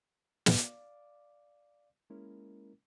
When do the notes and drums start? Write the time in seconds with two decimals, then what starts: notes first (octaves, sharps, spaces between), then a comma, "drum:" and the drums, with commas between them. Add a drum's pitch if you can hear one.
0.46 D5 F5 D6, drum: snare
2.10 G#3 A#3 C#4 E4 A#4